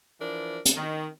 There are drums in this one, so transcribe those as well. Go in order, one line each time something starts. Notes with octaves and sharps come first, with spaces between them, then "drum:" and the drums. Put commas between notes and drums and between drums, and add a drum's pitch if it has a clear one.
E3 F3 D4 A#4
drum: hi-hat
D#3